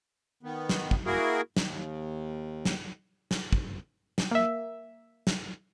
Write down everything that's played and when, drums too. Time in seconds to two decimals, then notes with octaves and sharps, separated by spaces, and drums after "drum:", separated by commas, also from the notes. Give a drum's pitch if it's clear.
0.43 D#3 B3
0.69 drum: snare
0.91 drum: kick
1.06 A#3 E4 F#4 G#4 A#4
1.57 D#2, drum: snare
2.65 drum: snare
3.31 drum: snare
3.53 drum: kick
4.18 drum: snare
4.31 A#3 E5
5.27 drum: snare